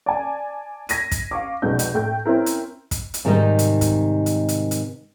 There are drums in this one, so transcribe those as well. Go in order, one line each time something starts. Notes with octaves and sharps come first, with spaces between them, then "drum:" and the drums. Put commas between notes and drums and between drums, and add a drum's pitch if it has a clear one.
D5 G#5 A5
G#6 A#6 B6 D#7, drum: hi-hat
drum: kick, hi-hat
F5 C#6 D6
F1 B1 B2 G#3 G6
drum: hi-hat
A2 A3 G5 G6
C4 C#4 E4 A#4
drum: hi-hat
drum: kick, hi-hat
drum: hi-hat
G#2 C3 D#3 G3 D#4 D#5
drum: hi-hat
drum: kick, hi-hat
drum: hi-hat
drum: hi-hat
drum: hi-hat